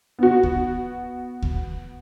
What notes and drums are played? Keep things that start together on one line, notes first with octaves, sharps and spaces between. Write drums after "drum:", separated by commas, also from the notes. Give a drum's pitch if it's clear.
B3 F#4
drum: kick D2
drum: kick D2